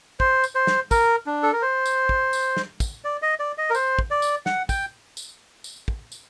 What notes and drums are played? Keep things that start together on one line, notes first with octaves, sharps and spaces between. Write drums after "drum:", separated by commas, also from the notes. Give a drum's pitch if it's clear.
C5, drum: kick
drum: tambourine
C5
drum: snare
A#4, drum: kick, tambourine
D4
A4
A#4
C5
drum: tambourine
drum: kick
drum: tambourine
drum: snare
drum: kick, tambourine
D5
D#5
D5
D#5
A#4
C5, drum: tambourine
drum: kick
D5
drum: tambourine
F#5, drum: snare
G5, drum: kick, tambourine
drum: tambourine
drum: tambourine
drum: kick
drum: tambourine